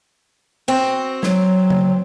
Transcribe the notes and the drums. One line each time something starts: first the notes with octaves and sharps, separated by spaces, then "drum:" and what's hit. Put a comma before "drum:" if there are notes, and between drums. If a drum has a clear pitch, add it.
C4 F#4
F#3, drum: snare
drum: tom C#3